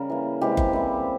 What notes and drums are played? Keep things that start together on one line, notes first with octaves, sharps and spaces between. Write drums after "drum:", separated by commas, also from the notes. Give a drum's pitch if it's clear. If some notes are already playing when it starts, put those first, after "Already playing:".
Already playing: C#3 G3 A#4
E3 A#3
C3 E3 G#3 G4
drum: kick F#1
E3 G3 C4